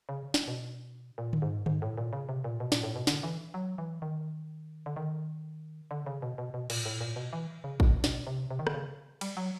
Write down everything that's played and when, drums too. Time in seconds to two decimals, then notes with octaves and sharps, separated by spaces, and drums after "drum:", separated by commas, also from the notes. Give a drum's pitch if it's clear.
0.09 C#3
0.34 drum: snare
0.48 B2
1.18 A#2
1.33 drum: tom D3
1.42 G#2
1.66 G#2, drum: tom D3
1.82 A2
1.98 A#2
2.13 C#3
2.29 C3
2.44 A#2
2.60 B2
2.72 A#2, drum: snare
2.83 A2
2.96 B2
3.07 D3, drum: snare
3.23 E3
3.54 F#3
3.78 E3
4.02 D#3
4.86 D3
4.96 D#3
5.91 D3
6.06 C#3
6.22 B2
6.38 B2
6.54 B2
6.70 A#2, drum: cymbal
6.85 A2
7.01 A#2
7.16 B2
7.33 E3
7.64 C#3
7.80 B2, drum: kick
8.04 B2, drum: snare
8.27 C3
8.51 C3
8.59 D#3
8.67 D3, drum: rim click
8.74 C#3
9.21 G3, drum: cymbal
9.37 F#3